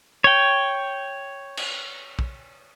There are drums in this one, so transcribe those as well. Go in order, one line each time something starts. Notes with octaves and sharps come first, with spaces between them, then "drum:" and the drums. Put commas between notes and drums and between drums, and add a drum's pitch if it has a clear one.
C#5 G5
drum: cymbal
drum: kick